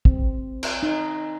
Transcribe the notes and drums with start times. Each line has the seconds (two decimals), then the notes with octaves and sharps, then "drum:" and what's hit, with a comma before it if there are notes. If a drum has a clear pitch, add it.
0.05 C4, drum: kick
0.63 drum: cymbal
0.83 D#4